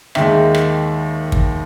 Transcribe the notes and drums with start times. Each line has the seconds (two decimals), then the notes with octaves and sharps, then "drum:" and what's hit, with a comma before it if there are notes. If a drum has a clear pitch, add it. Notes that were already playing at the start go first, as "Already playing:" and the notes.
0.15 D#2 D#3 G#3 E5, drum: rim click
0.55 drum: rim click
1.32 drum: kick